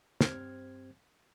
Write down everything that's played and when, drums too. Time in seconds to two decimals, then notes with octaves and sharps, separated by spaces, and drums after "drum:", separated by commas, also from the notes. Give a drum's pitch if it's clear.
0.21 G2 C4 G4 C5 F6 G#6, drum: snare